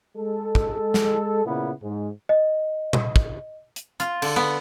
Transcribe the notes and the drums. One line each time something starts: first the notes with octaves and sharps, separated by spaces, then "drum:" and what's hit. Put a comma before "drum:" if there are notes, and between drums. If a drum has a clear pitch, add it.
G#3 A4
drum: kick
drum: snare
A#2 C#3 B3 E4 B4
G#2
D#5
drum: tom A#2
drum: kick
drum: hi-hat
F4, drum: hi-hat
D3, drum: cymbal
B3